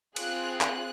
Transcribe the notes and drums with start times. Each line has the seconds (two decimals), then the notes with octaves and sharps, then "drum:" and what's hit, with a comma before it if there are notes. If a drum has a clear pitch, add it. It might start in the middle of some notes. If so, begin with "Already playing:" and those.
0.16 C4 F4 G#4 F#6, drum: cymbal
0.61 F#6, drum: clap